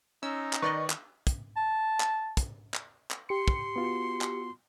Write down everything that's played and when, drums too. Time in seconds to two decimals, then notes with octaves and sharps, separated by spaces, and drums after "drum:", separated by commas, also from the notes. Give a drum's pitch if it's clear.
0.23 C#4 D#4 E6
0.53 drum: clap
0.62 D#3 B4 D5 D#5 C#6
0.90 drum: clap
1.27 drum: kick, hi-hat
1.56 A5
2.00 drum: clap
2.37 drum: kick, hi-hat
2.74 drum: clap
3.11 drum: clap
3.29 G4 C6 C#7
3.48 drum: kick
3.76 B3 F4 F#4
4.21 drum: clap